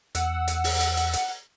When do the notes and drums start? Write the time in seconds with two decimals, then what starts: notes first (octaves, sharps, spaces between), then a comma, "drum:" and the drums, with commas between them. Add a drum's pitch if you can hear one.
0.15 E2 F#5 E6, drum: hi-hat
0.48 drum: hi-hat
0.64 drum: open hi-hat
0.80 drum: hi-hat
0.97 drum: hi-hat
1.13 drum: hi-hat